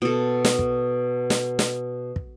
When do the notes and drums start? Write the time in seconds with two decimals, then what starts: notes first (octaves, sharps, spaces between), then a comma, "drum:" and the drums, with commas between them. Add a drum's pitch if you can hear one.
0.02 B2 A4
0.45 drum: snare
0.59 drum: kick
1.30 drum: snare
1.59 drum: snare
2.16 drum: kick